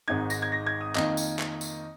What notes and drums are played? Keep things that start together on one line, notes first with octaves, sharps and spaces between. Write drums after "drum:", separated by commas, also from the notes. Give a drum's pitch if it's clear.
G#1 G#2 G#3 D#4 G#6
A#6, drum: tambourine
G#6
A#6
G#6
D#6
F2 D#3 A#3 D#5, drum: clap
drum: tambourine
drum: clap
drum: tambourine